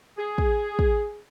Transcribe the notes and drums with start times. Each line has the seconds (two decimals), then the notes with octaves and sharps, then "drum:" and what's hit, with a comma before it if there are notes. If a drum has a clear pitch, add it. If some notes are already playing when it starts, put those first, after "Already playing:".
0.18 G#4
0.38 drum: kick
0.79 drum: kick